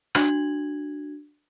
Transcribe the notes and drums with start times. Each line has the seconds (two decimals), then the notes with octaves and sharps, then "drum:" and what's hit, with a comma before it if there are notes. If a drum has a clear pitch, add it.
0.15 D4 F#4 G#6 F#7, drum: rim click